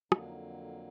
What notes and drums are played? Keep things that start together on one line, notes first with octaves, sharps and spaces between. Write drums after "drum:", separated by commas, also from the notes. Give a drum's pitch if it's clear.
F2 D3 F#3 A#3 D#4, drum: rim click
D4
D#4